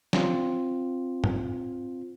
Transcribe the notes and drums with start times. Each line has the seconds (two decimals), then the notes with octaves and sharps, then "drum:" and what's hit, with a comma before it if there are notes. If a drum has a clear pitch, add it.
0.13 C4 F4, drum: snare
1.24 drum: tom